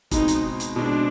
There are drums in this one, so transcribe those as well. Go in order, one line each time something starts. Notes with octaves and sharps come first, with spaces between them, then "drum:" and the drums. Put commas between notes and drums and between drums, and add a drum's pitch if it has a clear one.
B2 G#3 C4 D#4, drum: kick F1, hi-hat
drum: hi-hat
drum: hi-hat
B2 G#3 C4 D4